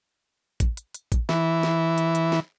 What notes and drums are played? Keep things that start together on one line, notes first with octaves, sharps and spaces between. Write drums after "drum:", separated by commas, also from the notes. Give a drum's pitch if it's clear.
drum: kick, hi-hat
drum: hi-hat
drum: hi-hat
drum: kick, hi-hat
E3, drum: snare
drum: snare
drum: hi-hat
drum: hi-hat
drum: snare